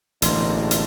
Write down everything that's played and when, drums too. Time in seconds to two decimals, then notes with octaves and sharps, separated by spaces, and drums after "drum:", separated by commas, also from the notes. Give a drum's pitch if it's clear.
0.22 E1 A1 D3 A3 A#3 D5 C6, drum: hi-hat
0.71 drum: hi-hat